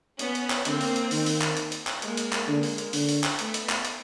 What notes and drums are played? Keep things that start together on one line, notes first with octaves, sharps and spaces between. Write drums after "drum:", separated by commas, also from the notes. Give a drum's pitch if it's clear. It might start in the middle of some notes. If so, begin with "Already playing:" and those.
B3 C#4, drum: hi-hat
drum: hi-hat
drum: clap
D3 A#3 C4, drum: hi-hat
drum: open hi-hat
drum: hi-hat
D#3, drum: open hi-hat
drum: open hi-hat
drum: clap
drum: hi-hat
drum: hi-hat
drum: clap
G#3 A#3, drum: hi-hat
drum: hi-hat
drum: clap
D3 G#3 A#3
drum: open hi-hat
drum: hi-hat
D3, drum: open hi-hat
drum: open hi-hat
drum: clap
A3 B3, drum: hi-hat
drum: hi-hat
drum: clap
drum: hi-hat